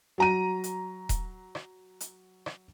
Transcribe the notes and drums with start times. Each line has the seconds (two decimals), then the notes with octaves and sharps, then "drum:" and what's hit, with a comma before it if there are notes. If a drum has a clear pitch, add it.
0.18 F#3 A#5 D#7
0.64 drum: hi-hat
1.09 drum: kick D#1, hi-hat
1.55 drum: rim click
2.00 drum: hi-hat
2.46 drum: rim click